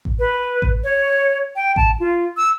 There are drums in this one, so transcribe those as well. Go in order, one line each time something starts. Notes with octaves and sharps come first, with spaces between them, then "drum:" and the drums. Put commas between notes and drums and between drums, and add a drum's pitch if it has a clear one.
drum: kick A1
B4
drum: kick A1
C#5
G5
A5, drum: kick A1
F4
E6